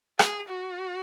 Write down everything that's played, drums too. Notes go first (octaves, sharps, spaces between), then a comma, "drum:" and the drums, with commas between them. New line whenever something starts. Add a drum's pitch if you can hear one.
G#4, drum: rim click
F#4